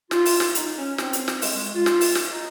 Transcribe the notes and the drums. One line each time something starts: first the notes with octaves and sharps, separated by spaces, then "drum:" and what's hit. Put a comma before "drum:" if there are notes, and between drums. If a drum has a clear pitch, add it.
F4, drum: snare
drum: open hi-hat
drum: snare
D#4, drum: hi-hat
C#4
C4, drum: snare
drum: hi-hat
drum: snare
G#3, drum: open hi-hat
G#3
G#3
F4
drum: snare
drum: open hi-hat
drum: snare
D#4